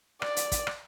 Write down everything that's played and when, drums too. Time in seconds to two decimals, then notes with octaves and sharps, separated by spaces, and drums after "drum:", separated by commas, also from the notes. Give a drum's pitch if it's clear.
0.22 D5, drum: rim click
0.37 drum: hi-hat
0.52 drum: kick, hi-hat
0.67 drum: rim click